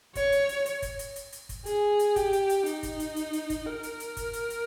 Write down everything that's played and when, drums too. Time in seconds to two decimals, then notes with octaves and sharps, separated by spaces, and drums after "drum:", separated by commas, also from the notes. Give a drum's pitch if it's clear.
0.15 C#5, drum: kick, hi-hat
0.32 drum: hi-hat
0.49 drum: hi-hat
0.66 drum: hi-hat
0.82 drum: kick, hi-hat
0.99 drum: hi-hat
1.16 drum: hi-hat
1.32 drum: hi-hat
1.49 drum: kick, hi-hat
1.66 G#4, drum: hi-hat
1.99 drum: hi-hat
2.16 G4, drum: kick, hi-hat
2.33 drum: hi-hat
2.49 drum: hi-hat
2.66 D#4, drum: hi-hat
2.83 drum: kick, hi-hat
3.00 drum: hi-hat
3.16 drum: hi-hat
3.33 drum: hi-hat
3.50 drum: kick, hi-hat
3.66 A#4
3.83 drum: hi-hat
4.00 drum: hi-hat
4.17 drum: kick, hi-hat
4.33 drum: hi-hat
4.50 drum: hi-hat